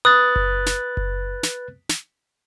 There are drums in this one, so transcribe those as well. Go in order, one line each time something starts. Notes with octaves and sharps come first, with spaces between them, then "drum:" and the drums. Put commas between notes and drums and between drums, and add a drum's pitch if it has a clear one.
B4 D#6 F#6 A6
drum: kick F#1
drum: snare
drum: kick F#1
drum: snare
drum: snare